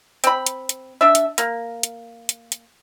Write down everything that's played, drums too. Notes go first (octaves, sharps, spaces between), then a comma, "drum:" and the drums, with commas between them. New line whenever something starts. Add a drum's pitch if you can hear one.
C4 B5, drum: hi-hat
drum: hi-hat
drum: hi-hat
D4 E5
drum: hi-hat
A#3, drum: hi-hat
drum: hi-hat
drum: hi-hat
drum: hi-hat